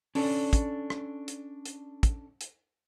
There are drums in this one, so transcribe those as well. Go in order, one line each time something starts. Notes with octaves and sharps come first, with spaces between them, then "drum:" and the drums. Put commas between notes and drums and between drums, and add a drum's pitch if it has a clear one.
C#4 D4 A4 D5, drum: open hi-hat
drum: kick, hi-hat
drum: rim click
drum: hi-hat
drum: hi-hat
drum: kick, hi-hat
drum: hi-hat